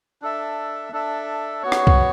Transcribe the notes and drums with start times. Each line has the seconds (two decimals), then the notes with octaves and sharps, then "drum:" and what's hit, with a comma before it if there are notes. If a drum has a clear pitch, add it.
0.22 D4 A4 E5
0.93 D4 A4 E5
1.63 B3 F#4 C#5
1.72 drum: rim click
1.87 drum: kick B1